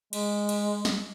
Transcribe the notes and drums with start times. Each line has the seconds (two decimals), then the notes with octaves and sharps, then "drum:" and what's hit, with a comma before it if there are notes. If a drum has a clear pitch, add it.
0.13 G#3, drum: cymbal
0.49 drum: cymbal
0.85 drum: snare